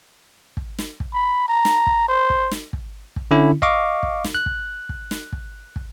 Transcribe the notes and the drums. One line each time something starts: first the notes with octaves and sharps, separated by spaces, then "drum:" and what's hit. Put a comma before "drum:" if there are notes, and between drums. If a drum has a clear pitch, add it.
drum: kick
drum: snare
drum: kick
B5
A#5
drum: snare
drum: kick
C5
drum: kick
drum: snare
drum: kick
drum: kick
D3 C#4 E4
D#5 F5 C#6 D6, drum: kick
drum: kick
drum: snare
F#6
drum: kick
drum: kick
drum: snare
drum: kick
drum: kick